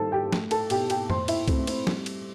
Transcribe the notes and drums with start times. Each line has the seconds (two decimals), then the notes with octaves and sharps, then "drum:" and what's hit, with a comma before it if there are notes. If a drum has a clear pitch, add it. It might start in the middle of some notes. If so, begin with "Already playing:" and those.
Already playing: D#3 G3 A4 C5 A5
0.12 G4 G5
0.33 A3, drum: snare
0.51 A4 A5, drum: cymbal
0.70 B2 G4 G5, drum: cymbal
0.90 G4 G5, drum: cymbal
1.10 A2 C5 C6, drum: tom F2
1.28 E4 E5, drum: cymbal
1.48 A3 C4 C5, drum: kick C2, cymbal
1.67 C4 C5, drum: cymbal
1.87 G3, drum: snare
2.06 drum: cymbal